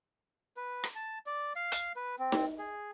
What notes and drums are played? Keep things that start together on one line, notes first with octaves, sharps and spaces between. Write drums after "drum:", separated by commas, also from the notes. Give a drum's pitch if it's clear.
B4
drum: rim click
A5
D5
F5
drum: hi-hat
B4
C4
drum: snare D#4
G#4